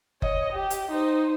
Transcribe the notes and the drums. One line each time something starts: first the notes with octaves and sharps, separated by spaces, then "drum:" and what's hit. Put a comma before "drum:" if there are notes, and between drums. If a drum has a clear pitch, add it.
C#5 D#5, drum: kick F#1
G4
drum: hi-hat
D#4 C5